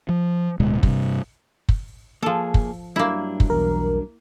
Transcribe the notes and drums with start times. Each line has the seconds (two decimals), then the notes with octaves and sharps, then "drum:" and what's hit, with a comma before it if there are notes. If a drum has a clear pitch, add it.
0.09 F3
0.60 D1 B2 G#3
0.83 G2 C3, drum: kick
1.69 drum: kick
2.23 F3 A#3 G#4 A4
2.54 drum: kick
2.96 G2 F#3 A#3 D4 E4
3.40 drum: kick
3.50 B1 E2 A#4